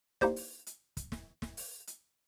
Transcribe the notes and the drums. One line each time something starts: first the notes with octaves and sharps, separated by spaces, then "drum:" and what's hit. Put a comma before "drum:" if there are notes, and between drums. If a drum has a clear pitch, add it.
A#3 D#4 E4 G4 C5 D5, drum: snare
drum: open hi-hat
drum: hi-hat
drum: kick, hi-hat
drum: snare
drum: snare
drum: open hi-hat
drum: hi-hat